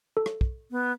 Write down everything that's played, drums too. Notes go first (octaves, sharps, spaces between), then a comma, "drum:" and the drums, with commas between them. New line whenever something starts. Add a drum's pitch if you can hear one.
A4
drum: rim click
drum: kick
B3